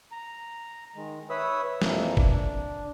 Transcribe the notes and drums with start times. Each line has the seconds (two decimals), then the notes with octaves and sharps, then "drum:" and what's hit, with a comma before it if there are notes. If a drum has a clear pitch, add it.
0.12 A#5
0.96 D#3 G#3
1.30 B4 C#5 E5 B5 D#6 E6
1.82 F2 E3 F3 A#3, drum: snare
2.17 D4, drum: kick F#1